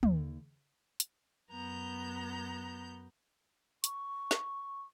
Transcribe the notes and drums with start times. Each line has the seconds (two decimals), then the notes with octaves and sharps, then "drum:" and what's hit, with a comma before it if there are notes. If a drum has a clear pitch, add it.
0.03 D#2, drum: tom
1.00 drum: hi-hat
1.51 F#2 B3 A#5 G6
3.84 C#6, drum: hi-hat
4.31 drum: snare